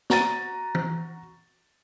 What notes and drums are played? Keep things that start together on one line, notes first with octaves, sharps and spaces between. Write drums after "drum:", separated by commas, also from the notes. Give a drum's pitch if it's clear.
F#4 A#5 A6 D#7, drum: snare
drum: tom